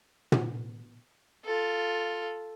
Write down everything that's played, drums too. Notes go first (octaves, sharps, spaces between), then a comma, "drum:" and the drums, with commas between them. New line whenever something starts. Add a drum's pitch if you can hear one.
drum: tom
F4 A4